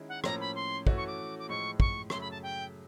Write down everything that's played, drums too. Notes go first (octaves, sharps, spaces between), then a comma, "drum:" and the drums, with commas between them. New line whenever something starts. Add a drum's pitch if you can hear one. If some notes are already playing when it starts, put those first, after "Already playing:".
Already playing: D#3 G#3 C#4 E4 G#4
F#5
A2 F3 A#3 C#4 A#5, drum: rim click
B5
C6
E3 A3 C#4 F#4, drum: kick
C#6
D6
D6
A2 F3 G#3 C#6
C#6, drum: kick
F#2 C#3 F#3 A3 C6, drum: rim click
B5
A5
G5